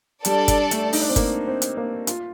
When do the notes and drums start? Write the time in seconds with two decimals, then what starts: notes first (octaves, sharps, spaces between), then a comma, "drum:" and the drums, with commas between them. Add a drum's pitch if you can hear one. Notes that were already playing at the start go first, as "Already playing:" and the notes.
0.25 G3 D4 A4 D5 A5, drum: hi-hat
0.48 drum: kick G1, hi-hat
0.71 A3, drum: hi-hat
0.93 D#4, drum: open hi-hat
1.01 D4
1.09 C4
1.16 A#3, drum: kick G1, hi-hat
1.47 C4
1.62 drum: hi-hat
1.77 A#3
2.07 F4, drum: hi-hat